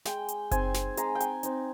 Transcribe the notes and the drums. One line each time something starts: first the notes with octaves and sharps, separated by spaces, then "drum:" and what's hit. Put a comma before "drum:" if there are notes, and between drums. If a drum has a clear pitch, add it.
G#3 G5, drum: snare
drum: hi-hat
C4 D#4 G#5, drum: kick F#1, hi-hat
drum: snare
G#3 A#5, drum: hi-hat
G5
G#5, drum: hi-hat
C4 D#4, drum: hi-hat